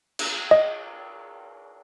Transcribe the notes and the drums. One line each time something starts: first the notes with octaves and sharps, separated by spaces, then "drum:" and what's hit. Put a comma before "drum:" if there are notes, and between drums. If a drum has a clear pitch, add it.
drum: cymbal
D#5